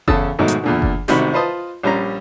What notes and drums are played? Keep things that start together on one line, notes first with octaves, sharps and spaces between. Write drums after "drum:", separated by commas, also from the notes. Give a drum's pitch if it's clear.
E2 C#3 A4 A5 D#6 E6, drum: kick F#1
G#2 B2 D#3 F#3 G#3 A3
drum: hi-hat
E2 A#2 D3
drum: kick F#1
A1 C3 D#3 F#4 B5 C#6, drum: snare
F4 B4 C5 D#5 A5 D#6
A#1 G3 C#4 A#5